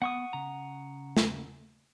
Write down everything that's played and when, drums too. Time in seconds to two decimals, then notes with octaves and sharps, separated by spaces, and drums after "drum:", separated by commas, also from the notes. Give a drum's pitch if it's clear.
0.02 B3 F#5 C#6 D#6
0.33 C#3 A#5
1.17 drum: snare